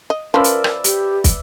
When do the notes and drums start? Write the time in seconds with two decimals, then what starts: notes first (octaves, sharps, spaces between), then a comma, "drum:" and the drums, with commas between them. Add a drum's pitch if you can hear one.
0.10 D#5
0.34 F3 C#4 A#4 B4 D5 E5
0.44 drum: hi-hat
0.64 drum: rim click
0.84 G4, drum: hi-hat
1.24 drum: kick, hi-hat